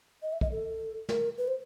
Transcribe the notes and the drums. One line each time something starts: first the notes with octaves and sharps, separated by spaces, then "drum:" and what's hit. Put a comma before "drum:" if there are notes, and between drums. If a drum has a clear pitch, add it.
D#5
E5
D#5, drum: kick
A4
A#4, drum: snare
B4
C5